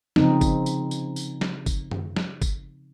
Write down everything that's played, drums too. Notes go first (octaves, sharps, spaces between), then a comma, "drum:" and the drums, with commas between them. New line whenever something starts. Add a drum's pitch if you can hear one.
C#3 F3 C4 D#4, drum: snare
drum: kick, tambourine
drum: tambourine
drum: tambourine
drum: tambourine
drum: snare
drum: kick, tambourine
drum: tom F#2
drum: snare
drum: kick, tambourine